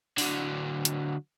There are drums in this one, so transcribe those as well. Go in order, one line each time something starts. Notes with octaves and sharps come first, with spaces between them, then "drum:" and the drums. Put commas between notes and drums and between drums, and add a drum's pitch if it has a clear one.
D3 F#3, drum: open hi-hat
drum: hi-hat